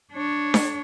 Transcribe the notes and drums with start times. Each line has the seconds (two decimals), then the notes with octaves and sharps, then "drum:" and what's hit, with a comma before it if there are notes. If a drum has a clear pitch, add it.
0.13 D4 C#5
0.54 drum: snare D4